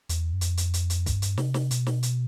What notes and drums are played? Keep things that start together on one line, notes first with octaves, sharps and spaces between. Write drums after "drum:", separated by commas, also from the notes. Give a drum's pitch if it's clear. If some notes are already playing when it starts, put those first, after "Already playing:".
E2, drum: hi-hat
F#2
F2, drum: hi-hat
drum: hi-hat
drum: hi-hat
drum: hi-hat
G2, drum: kick, hi-hat
drum: hi-hat
C3, drum: snare
drum: snare
B2, drum: hi-hat
drum: snare
drum: hi-hat